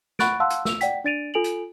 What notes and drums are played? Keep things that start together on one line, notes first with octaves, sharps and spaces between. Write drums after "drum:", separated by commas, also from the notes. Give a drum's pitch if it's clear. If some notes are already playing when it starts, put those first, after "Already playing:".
F#5 B5 C#6 F#6 A6 D7, drum: snare
F5 F#5 A5 C6 E6 F#6
drum: hi-hat
E6 F7, drum: snare
D5 F#5 G5 B6, drum: hi-hat
D4 D5 A6 D7 D#7 F7
F4 A4 G#5 D7 F7 F#7
drum: hi-hat